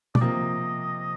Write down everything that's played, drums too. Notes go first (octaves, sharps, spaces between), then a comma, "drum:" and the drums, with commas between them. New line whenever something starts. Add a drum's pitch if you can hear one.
D5, drum: tom
C3 F3 A#3 D#5